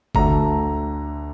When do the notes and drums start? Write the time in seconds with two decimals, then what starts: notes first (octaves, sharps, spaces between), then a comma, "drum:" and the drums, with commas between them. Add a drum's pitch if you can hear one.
0.15 D2 D3 A3 A#5, drum: kick F#1